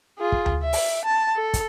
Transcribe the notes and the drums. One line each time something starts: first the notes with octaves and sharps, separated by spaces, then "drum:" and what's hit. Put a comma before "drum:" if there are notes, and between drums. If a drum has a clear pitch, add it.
F4 G#4
drum: kick
drum: tom D2
E5
drum: open hi-hat
A5
A4
drum: kick, hi-hat